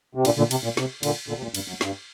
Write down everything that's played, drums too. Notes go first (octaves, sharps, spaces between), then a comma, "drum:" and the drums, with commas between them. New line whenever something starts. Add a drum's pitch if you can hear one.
C3
A#2 D3, drum: cymbal
A#2 D3
C3, drum: cymbal
A#2
C3, drum: snare
A#2 D3, drum: cymbal
A#2 D3
C3
A#2
G2, drum: cymbal
F#2
G2, drum: snare